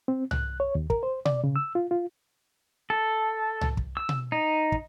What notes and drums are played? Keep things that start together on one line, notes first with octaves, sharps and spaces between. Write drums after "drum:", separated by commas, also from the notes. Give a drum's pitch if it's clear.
C4
F#6, drum: tom C2
C#5
D#2
A#4, drum: kick
C5
D5, drum: tom B2
C#3
E6
F4
F4
A4
drum: tom C2
drum: kick
E6
drum: tom B2
D#4
drum: kick